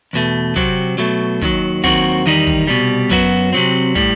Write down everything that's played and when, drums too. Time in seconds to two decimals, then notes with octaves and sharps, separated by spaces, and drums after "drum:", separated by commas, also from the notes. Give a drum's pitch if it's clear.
0.13 E2 B2 A3
0.56 C3 F#3 C4, drum: kick
0.98 B2 F#3 A3
1.42 D#2 D#3 F#3, drum: kick
1.84 D#2 D#3 F#3 C4 F#4, drum: kick
2.26 E2 D#3 G3 D#4
2.47 drum: kick
2.67 C2 B2 G3
3.10 F#2 F#3 B3 F#4, drum: kick
3.53 C3 F#3 C4
3.95 A2 G3, drum: kick